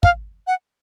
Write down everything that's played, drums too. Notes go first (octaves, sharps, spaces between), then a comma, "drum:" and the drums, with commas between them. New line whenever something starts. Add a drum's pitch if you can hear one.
F5, drum: kick
F#5